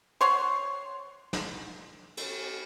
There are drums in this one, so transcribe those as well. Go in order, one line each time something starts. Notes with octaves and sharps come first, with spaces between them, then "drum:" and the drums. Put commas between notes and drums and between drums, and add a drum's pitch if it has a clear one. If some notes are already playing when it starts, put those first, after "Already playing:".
C5 C#5 F#5 C6
drum: snare
drum: cymbal